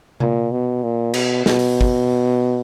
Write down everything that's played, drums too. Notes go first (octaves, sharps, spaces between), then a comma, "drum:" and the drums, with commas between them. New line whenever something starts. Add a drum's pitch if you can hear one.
A#2, drum: tom C3
B2
A#2
B2, drum: cymbal
B2, drum: snare
drum: open hi-hat
drum: kick